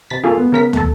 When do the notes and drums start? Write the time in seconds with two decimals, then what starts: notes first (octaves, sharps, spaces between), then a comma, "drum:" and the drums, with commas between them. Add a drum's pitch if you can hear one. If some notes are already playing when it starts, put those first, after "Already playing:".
0.10 C3 A6 B6
0.24 A#3 F4 G#4 A4
0.38 B3
0.52 C#3 A#4 B6
0.73 A3 A4, drum: tom